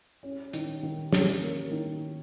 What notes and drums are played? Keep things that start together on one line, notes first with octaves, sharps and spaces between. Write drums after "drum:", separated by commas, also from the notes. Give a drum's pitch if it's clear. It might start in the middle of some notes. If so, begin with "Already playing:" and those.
C#4
D#3, drum: hi-hat
D#3
C#4, drum: snare
drum: hi-hat
A#3
D#3